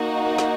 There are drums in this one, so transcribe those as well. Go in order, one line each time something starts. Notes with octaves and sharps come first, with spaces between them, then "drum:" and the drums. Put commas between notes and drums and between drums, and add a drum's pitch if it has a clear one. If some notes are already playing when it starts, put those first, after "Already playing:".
Already playing: A#3 D#4 F#4
drum: snare